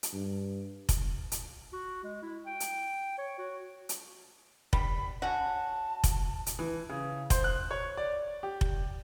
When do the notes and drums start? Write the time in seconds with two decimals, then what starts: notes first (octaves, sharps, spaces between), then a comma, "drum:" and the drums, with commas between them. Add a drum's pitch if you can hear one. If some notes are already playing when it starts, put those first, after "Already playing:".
0.03 drum: hi-hat
0.12 G2
0.89 drum: kick F1, hi-hat
1.32 drum: hi-hat
1.73 F#4
2.04 G#3
2.22 E4
2.46 G5
2.60 drum: hi-hat
3.18 C#5
3.39 F#4
3.89 drum: hi-hat
4.73 G3 B5, drum: kick F1
5.22 C#4 F#4 A5
6.04 drum: kick F1, hi-hat
6.46 drum: hi-hat
6.59 E3
6.89 C#3
7.30 C5, drum: kick F1, hi-hat
7.44 F#6
7.71 C#5
7.97 D5
8.43 G4
8.61 drum: kick F1